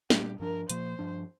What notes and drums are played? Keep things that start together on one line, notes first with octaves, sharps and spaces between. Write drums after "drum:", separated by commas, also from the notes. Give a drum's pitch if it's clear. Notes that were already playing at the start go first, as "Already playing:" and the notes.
A#2 G3 D4 G4, drum: snare
G2 F3 D4 A#4
A#2 F3 A#3 C5, drum: hi-hat
G2 F3 D4